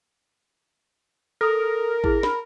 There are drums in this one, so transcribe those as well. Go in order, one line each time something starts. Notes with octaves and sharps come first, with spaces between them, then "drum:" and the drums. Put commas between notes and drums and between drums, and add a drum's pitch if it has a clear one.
A4 A#4 D#6
E4 G#4, drum: kick A1
B5, drum: snare